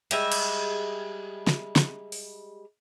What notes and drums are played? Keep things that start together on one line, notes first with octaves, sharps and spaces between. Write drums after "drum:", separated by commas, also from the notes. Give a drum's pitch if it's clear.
G3 G#3 E5, drum: cymbal
drum: cymbal
drum: snare
drum: snare
drum: open hi-hat